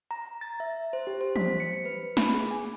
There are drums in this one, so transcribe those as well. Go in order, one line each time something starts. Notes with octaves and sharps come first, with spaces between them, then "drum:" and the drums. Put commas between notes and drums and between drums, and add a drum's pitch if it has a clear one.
A#5
A6
E5
C5
G4
C5
B6, drum: tom E3
C#7
B4
B5, drum: snare
G#4
G#5